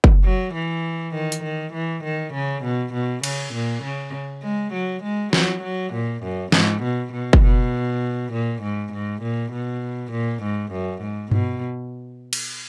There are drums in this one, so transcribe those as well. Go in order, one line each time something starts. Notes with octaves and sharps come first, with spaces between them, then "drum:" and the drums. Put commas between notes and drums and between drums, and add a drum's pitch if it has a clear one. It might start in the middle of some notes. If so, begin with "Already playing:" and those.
drum: kick F#1
F#3
E3
D#3
drum: hi-hat
D#3
E3
D#3
C#3
B2
B2
C#3, drum: cymbal
A#2
C#3
G#3
F#3
G#3
F#3, drum: snare
F#3
A#2
F#2
G#2, drum: snare
B2
B2
drum: kick F#1
B2
A#2
G#2
G#2
A#2
B2
A#2
G#2
F#2
G#2
B2, drum: tom G2
drum: cymbal